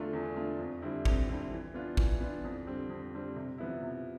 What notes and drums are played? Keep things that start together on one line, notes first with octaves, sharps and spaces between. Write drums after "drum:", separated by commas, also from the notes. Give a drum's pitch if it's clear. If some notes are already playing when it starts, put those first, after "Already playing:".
Already playing: E2 D3 A3 D4 F4
E2
D3 A3 D4 F4
F2
D3 G3 C4 E4
F2, drum: kick A1
D3 G3 C4 E4
E3
B3 D4 F4
E3, drum: kick A1
B3 D4 F4
F2
D3 G3 C4
F2
D3 G3 C4
C3
F3 B3 E4
C3